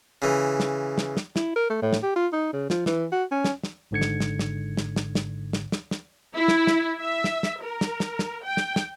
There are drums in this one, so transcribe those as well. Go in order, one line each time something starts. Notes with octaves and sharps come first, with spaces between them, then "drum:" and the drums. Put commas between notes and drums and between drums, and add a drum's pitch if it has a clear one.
C#3 E3
drum: snare
drum: snare
drum: snare
E4, drum: snare
A#4
A3
A2
drum: snare
G4
F4
D#4
C#3
F3, drum: snare
E3, drum: snare
F#4
C#4
drum: snare
drum: snare
G#1 G#2 D3 G#6 C#7
drum: snare
drum: snare
drum: snare
drum: snare
drum: snare
drum: snare
drum: snare
drum: snare
drum: snare
E4
drum: snare
drum: snare
E5
drum: snare
drum: snare
A#4
drum: snare
drum: snare
drum: snare
G5
drum: snare
drum: snare